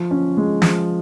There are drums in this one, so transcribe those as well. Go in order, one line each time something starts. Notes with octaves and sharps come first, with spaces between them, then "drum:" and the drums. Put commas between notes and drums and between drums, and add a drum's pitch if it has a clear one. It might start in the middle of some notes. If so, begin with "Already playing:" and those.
Already playing: F3
C#4
G#3
F3, drum: snare